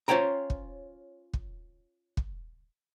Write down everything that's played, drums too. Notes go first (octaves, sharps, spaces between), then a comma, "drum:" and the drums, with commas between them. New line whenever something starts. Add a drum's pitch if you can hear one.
C#4 F4 C5 C#5 G5 A#5
drum: kick
drum: kick
drum: kick